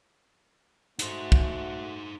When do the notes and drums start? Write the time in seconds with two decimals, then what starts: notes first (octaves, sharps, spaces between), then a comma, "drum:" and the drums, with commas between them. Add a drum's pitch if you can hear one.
0.99 A3 D#4 F#4 C5, drum: hi-hat
1.32 drum: kick